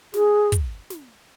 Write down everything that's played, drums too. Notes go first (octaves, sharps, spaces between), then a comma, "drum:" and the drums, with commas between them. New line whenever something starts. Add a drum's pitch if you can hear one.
G#4, drum: snare
drum: kick, hi-hat
drum: snare